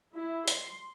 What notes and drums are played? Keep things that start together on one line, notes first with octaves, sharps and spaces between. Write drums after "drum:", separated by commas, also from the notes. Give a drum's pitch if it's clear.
E4
C6, drum: hi-hat